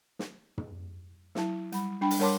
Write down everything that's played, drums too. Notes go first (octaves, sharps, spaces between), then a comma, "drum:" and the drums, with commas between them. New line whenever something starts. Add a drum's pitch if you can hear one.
drum: snare
drum: tom
F#3 E4 A5, drum: snare
G3 B5, drum: hi-hat
G3 D4 G5 B5
drum: open hi-hat
G3 A#4 C#5 A5 C6 D6